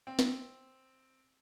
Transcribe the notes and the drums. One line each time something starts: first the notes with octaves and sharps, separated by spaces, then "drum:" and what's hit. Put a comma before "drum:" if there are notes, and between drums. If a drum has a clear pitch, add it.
C4
drum: snare